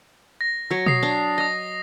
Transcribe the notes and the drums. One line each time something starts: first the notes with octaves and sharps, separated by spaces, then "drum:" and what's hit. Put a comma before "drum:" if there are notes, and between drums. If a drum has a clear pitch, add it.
A#6
F#3 C#5
D#6 C7, drum: tom B2
D4
D#5 D#6 A#6